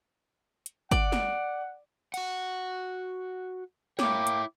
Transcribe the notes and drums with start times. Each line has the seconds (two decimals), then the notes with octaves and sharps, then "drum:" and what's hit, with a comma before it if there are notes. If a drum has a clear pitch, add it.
0.66 drum: hi-hat
0.91 D5 F#5, drum: kick
1.12 drum: snare
2.14 F#4 F#5, drum: cymbal
3.99 A#3 E4 C#5 G5 D6, drum: snare
4.27 drum: hi-hat